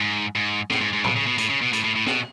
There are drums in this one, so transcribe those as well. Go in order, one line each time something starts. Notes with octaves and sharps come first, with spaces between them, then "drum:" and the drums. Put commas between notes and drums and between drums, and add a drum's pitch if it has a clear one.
G#2
G#2
A2, drum: snare
G#2
G#2
B2, drum: tom A2
C#3
B2
A2, drum: hi-hat
C#3
B2
A2, drum: hi-hat
A2
A2
B2, drum: snare